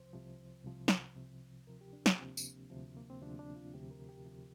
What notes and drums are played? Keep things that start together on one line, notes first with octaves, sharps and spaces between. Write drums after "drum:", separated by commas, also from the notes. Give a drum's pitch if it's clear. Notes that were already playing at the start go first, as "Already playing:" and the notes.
Already playing: C2 C3 F3 C5
C2 C3 F3
C2 C3 F3
drum: snare
C2 C3 F3
D2 C3 F3 A#4
G4
D4
A#3, drum: snare
D2 C3 F3 C4
drum: tambourine
D2 C3 F3
A#3
C4
D2 C3 F3 D4
D4
F4
D2 C3 F3 G4
A#4
G4
D2 C3 F3